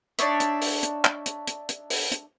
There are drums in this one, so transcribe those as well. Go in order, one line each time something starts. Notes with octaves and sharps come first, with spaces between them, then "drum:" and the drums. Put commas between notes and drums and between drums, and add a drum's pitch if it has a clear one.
D4 D#4 C#5 E5, drum: hi-hat
drum: hi-hat
drum: open hi-hat
drum: hi-hat
drum: clap
drum: hi-hat
drum: hi-hat
drum: hi-hat
drum: open hi-hat
drum: hi-hat